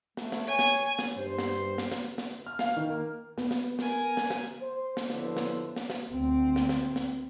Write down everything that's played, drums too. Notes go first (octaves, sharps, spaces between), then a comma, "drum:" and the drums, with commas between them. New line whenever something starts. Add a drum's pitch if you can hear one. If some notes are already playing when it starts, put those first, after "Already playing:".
A3, drum: snare
drum: snare
C#5 G#5
drum: snare
drum: snare
G2 C5
drum: snare
drum: snare
drum: snare
drum: snare
F6
F5, drum: snare
D#3
A#3
B3, drum: snare
drum: snare
A#4 G#5, drum: snare
drum: snare
drum: snare
C5
drum: snare
D2 A2 D3 F3 B3 C5, drum: snare
drum: snare
drum: snare
drum: snare
D2 C4
drum: snare
drum: snare
drum: snare